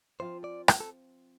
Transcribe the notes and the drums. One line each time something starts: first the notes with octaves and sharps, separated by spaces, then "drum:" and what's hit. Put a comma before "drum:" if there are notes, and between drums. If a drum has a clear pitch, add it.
F3 C4 F4 C5
D5
drum: rim click
A4